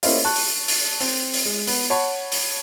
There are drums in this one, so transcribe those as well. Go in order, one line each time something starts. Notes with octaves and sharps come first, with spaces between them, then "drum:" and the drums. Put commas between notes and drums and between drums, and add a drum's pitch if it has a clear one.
A#3 C#4 E4 C5 D#5 F5, drum: open hi-hat
A5 C#6 F#6
drum: open hi-hat
drum: open hi-hat
C4, drum: open hi-hat
drum: open hi-hat
G#3
B3, drum: open hi-hat
C#5 F#5 A5 B5 C#6
drum: open hi-hat